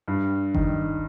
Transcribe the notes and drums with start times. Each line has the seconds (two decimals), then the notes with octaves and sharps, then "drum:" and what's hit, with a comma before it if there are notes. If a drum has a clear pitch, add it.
0.08 G2
0.54 D#3, drum: kick F#1